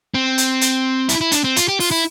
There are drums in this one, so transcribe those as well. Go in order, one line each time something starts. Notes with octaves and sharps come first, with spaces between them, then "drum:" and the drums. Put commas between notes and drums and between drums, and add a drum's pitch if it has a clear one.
C4
drum: hi-hat
drum: hi-hat
E4, drum: hi-hat
E4
D4, drum: hi-hat
C4
F4, drum: hi-hat
G4
F4, drum: open hi-hat
E4